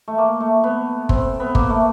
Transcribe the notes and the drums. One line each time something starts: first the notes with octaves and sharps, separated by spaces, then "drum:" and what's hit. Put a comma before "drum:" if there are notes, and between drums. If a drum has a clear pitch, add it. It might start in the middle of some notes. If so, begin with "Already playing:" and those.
A3
A#3
A3
B3
C4, drum: kick G1
B3
A#3, drum: kick G1
A3